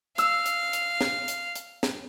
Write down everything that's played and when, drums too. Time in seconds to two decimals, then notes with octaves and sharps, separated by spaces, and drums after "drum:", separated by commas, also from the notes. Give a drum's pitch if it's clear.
0.18 F5 E6, drum: hi-hat
0.46 drum: hi-hat
0.73 drum: hi-hat
1.01 drum: snare
1.28 drum: hi-hat
1.55 drum: hi-hat
1.83 drum: snare